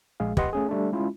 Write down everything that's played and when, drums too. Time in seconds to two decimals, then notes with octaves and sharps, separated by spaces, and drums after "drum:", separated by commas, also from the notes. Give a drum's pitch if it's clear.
0.20 A#1 G#3 G#4 F5
0.37 G4 B4 D#5 F#5 C6, drum: kick
0.53 A3 C#4 G#4
0.69 G3 A3 D4
0.92 G#3 C#4 E4 F4